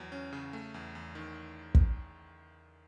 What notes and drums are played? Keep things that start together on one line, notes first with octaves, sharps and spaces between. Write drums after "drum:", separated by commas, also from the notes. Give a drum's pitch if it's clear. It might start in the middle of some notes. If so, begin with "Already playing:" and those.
Already playing: E2 F#3
C#4
C#3
A3
E2
E2
D#3
drum: kick